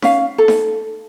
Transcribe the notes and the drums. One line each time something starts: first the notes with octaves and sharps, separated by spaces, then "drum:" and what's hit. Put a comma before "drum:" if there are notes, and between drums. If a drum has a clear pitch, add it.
C#4 F5, drum: snare D#4
A4
drum: snare D#4